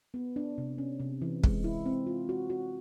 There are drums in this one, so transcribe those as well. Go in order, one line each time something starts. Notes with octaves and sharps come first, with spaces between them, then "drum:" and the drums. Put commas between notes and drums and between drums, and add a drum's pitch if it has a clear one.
B3
D4
C3
C#4
C3
E3
G#3, drum: kick
E4
C4
F4
F#4
F#4